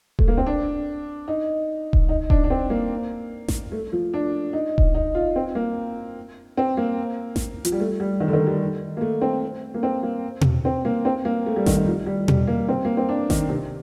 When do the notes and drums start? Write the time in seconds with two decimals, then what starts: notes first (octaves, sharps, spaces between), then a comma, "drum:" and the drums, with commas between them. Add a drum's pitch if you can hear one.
0.19 A3, drum: kick D#1
0.28 A#3
0.37 C4
0.46 D4
1.28 D#4
1.93 drum: kick D#1
2.09 D#4
2.30 D4, drum: kick D#1
2.44 D4
2.50 C4
2.70 A#3
3.48 drum: snare A1
3.72 A3
3.92 F3
4.14 D4
4.53 D#4
4.78 drum: kick D#1
4.95 D#4
5.15 F4
5.36 C4
5.55 A#3
6.57 C4
6.77 A#3
7.36 drum: snare A1
7.65 F3, drum: hi-hat
7.72 G3
7.80 A3
8.00 G3
8.20 D#3
8.28 D3
8.33 D#3
8.47 G3
8.97 A#3
9.01 A3
9.22 C4
9.74 A#3
9.83 C4
10.03 A#3
10.41 drum: tom B2
10.65 C4
10.85 A#3
11.05 C4
11.25 A#3
11.46 A3
11.56 G3
11.66 D#3, drum: snare A1
11.77 D#3
11.87 F3
12.06 G3
12.28 G3, drum: tom B2
12.47 A#3
12.69 C4
12.85 A#3
12.97 C4
13.09 D4
13.30 D#3, drum: snare A1
13.49 C3